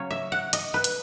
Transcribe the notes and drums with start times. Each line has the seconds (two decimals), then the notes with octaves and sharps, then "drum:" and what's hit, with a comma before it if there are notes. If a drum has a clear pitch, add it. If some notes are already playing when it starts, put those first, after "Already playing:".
Already playing: C#3 F#3 C#4 C#5
0.10 E5
0.32 F#5
0.53 D#5, drum: hi-hat
0.74 B4
0.84 drum: hi-hat